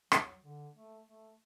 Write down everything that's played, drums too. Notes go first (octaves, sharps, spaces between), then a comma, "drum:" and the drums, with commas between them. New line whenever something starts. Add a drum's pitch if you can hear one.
F#3, drum: rim click
D3
A3
A3